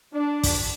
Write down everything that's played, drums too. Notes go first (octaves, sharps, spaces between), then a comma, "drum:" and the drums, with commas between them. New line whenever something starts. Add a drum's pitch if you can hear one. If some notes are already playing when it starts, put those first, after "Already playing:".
D4
drum: kick, open hi-hat